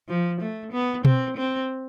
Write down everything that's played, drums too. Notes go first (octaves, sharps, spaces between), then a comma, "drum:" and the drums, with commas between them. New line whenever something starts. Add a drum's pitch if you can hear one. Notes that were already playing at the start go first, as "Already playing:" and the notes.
F3
A3
B3
C4, drum: tom B2
C4